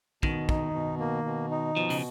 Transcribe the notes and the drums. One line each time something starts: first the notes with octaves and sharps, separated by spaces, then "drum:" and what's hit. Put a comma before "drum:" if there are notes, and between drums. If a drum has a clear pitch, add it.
B2 D#3, drum: kick
D#4, drum: kick
B2
A#3
B2
D#4
B2 F3
C#3, drum: open hi-hat